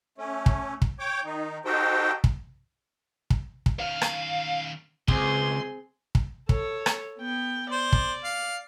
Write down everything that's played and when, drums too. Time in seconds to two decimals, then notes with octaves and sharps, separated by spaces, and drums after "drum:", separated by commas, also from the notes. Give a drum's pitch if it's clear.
0.18 A3 C#4
0.46 drum: kick
0.82 drum: kick
0.99 C#5 G5 D6
1.24 D#3 D#4
1.65 D#4 F#4 G4 A4 C5 G5
2.24 drum: kick
3.30 drum: kick
3.66 drum: kick
3.80 D#3 C#4 F5
4.02 drum: rim click
5.08 C#2 C4 G#4 C6, drum: kick
6.15 drum: kick
6.49 A4 C#5, drum: kick
6.86 drum: rim click
7.20 B3 G5
7.72 C5 D5
7.93 drum: kick
8.24 F5